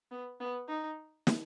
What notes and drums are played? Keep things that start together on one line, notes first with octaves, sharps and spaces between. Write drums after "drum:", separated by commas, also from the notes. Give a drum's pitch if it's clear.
B3
B3
D#4
drum: snare